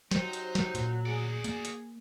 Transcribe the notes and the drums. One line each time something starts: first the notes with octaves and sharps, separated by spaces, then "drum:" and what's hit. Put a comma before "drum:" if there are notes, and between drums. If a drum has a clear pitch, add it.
F#3 D#4 G4 C5, drum: snare
drum: hi-hat
drum: snare
A#2, drum: hi-hat
F#4 G#4 D5
A#3, drum: hi-hat
drum: hi-hat